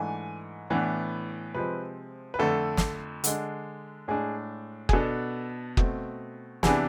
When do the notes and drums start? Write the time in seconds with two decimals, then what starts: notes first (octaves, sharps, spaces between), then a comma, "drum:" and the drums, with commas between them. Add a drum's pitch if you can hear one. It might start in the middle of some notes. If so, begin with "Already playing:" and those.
Already playing: G#2 E3 A3 D4 G#5
0.70 A2 E3 B3 D4
1.55 C3 F3 G#3 C4 B4
2.34 B4
2.39 F2 D3 A3 A4
2.77 drum: snare
3.24 D3 G#3 D4, drum: hi-hat
4.08 A2 G#3 D4 G#4
4.89 G#4, drum: kick
4.93 B2 B3 D4 A4
5.77 B2 A3 C4, drum: kick
6.63 C3 E3 B3 D4 G#4, drum: snare